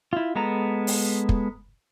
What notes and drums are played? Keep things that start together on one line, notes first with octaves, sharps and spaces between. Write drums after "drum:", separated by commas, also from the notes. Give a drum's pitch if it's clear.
E4 F4
G#3 B3 A4 A#5
drum: open hi-hat
drum: kick